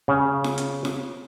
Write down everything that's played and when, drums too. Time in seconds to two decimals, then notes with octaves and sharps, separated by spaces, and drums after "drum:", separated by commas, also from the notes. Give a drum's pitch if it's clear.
0.08 C#3
0.44 drum: snare F4
0.58 drum: hi-hat
0.85 drum: snare F4